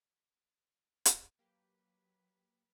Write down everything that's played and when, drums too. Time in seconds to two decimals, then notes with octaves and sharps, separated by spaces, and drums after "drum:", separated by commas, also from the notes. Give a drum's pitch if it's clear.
1.05 drum: hi-hat
1.39 F#3 A#3 G4 B4